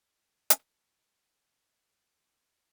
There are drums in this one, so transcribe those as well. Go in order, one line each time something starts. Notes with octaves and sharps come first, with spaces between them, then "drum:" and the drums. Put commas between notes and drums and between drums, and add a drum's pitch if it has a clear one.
A4 E5 A#5
drum: hi-hat
B2